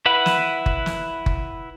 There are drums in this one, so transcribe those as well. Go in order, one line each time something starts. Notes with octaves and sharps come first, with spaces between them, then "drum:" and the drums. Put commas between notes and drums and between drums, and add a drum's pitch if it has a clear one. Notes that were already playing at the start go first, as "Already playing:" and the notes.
E4 B4 F#5
drum: snare
drum: kick F#1
drum: snare
drum: kick F#1